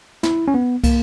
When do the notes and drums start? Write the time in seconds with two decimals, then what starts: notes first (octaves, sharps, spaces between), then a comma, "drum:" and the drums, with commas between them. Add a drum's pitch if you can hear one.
0.23 E4, drum: snare
0.48 C#4
0.54 B3
0.84 A#3, drum: kick, cymbal